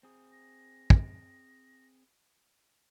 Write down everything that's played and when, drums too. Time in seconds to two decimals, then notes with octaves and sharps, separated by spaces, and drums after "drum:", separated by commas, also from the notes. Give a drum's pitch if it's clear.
0.03 C4 G#4
0.32 A#6
0.90 drum: kick